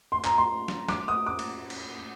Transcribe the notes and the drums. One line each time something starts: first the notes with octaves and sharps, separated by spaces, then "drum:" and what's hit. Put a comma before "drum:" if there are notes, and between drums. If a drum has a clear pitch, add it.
C6
A#5, drum: clap
C6
drum: snare
D6, drum: snare
D#6
D6
drum: cymbal
drum: cymbal